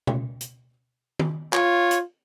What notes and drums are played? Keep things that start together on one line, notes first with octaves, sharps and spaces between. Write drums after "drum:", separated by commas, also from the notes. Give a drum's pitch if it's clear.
drum: tom B2
drum: hi-hat
drum: tom D#3
F4 C#5, drum: clap
drum: hi-hat